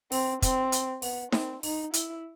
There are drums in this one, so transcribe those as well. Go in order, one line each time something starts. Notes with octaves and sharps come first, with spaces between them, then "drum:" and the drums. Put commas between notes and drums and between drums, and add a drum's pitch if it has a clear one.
C4, drum: open hi-hat
C4, drum: kick, hi-hat
drum: hi-hat
B3, drum: open hi-hat
C4, drum: snare D#4
D#4, drum: open hi-hat
E4, drum: hi-hat